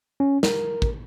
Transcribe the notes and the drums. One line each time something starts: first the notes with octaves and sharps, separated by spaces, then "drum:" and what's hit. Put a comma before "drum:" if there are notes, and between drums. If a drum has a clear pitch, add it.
C#4
A#4, drum: snare
drum: kick